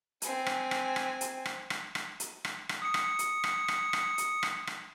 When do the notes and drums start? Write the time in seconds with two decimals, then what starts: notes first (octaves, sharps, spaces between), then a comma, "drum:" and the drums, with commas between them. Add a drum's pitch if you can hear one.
0.22 C4 G#5, drum: hi-hat
0.46 drum: rim click
0.71 drum: rim click
0.96 drum: rim click
1.21 drum: hi-hat
1.45 drum: rim click
1.70 drum: rim click
1.95 drum: rim click
2.20 drum: hi-hat
2.45 drum: rim click
2.69 drum: rim click
2.82 D#6 C#7
2.94 drum: rim click
3.19 drum: hi-hat
3.44 drum: rim click
3.68 drum: rim click
3.93 drum: rim click
4.18 drum: hi-hat
4.43 drum: rim click
4.67 drum: rim click